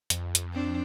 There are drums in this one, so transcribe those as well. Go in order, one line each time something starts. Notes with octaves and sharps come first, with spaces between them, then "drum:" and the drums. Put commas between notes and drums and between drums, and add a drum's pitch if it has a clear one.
F2, drum: hi-hat
drum: hi-hat
C4 D4